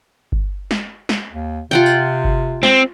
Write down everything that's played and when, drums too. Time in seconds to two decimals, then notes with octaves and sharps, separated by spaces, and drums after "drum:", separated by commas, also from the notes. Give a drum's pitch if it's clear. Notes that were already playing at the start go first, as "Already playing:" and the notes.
0.32 drum: kick G1
0.71 drum: snare
1.09 drum: snare
1.32 D#2
1.71 C3 F4 F#5 G5
1.86 drum: tambourine
2.24 drum: kick G1
2.63 C4, drum: snare